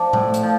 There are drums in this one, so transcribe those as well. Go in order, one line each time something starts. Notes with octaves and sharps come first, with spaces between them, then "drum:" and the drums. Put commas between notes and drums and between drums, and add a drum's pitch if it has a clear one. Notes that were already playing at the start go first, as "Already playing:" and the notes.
Already playing: F3 D4
A2, drum: tom A2
drum: hi-hat
F3